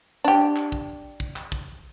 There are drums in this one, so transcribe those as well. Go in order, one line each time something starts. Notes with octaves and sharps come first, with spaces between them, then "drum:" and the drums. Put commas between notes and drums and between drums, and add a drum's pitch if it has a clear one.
D4 G4
drum: clap
drum: kick
drum: kick
drum: clap
drum: kick